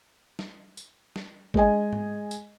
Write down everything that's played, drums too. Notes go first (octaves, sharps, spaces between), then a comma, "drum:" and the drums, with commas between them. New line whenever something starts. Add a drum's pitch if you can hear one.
drum: snare
drum: tambourine
drum: snare
G#3 G#4 D#5 G#5, drum: kick G#1
drum: tom G#2
drum: tambourine